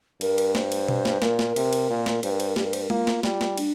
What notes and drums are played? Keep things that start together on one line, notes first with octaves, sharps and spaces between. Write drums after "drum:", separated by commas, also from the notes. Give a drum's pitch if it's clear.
G2 A#4, drum: cymbal
drum: cymbal
C5, drum: snare
drum: cymbal
drum: tom B2
drum: snare
A#2 A#4, drum: snare
drum: snare
C3, drum: cymbal
drum: cymbal
A#2
drum: snare
G2 C5, drum: cymbal
A#4
C5, drum: cymbal
A#4
G2 G4, drum: snare
A#4
C5, drum: cymbal
A#4
A#3 F4, drum: tom G#3
drum: snare
G3, drum: snare
drum: snare
D4, drum: cymbal